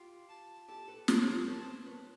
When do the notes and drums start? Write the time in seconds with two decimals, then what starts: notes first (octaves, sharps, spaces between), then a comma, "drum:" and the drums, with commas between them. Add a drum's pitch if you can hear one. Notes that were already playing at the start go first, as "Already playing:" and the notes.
Already playing: F4 G4
0.29 A5
0.68 G4 A4 A5
0.88 A4 B4
1.08 A#4 C5, drum: snare
1.27 B4 C#5
1.47 A#4 C5 A5
1.86 B4 C#5